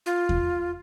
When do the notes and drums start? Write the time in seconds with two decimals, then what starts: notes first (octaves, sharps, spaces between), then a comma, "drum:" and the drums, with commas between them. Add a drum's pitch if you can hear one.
0.06 F4
0.29 drum: kick E2